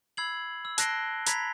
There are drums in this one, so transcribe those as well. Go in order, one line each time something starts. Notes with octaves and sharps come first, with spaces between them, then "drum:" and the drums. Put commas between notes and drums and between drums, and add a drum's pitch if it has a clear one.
B5 E6 G#6 C7 F#7
E6
A5 F#6 A#6 C7 D7 G7, drum: hi-hat
A#5 B5 G#6 B6 F7, drum: hi-hat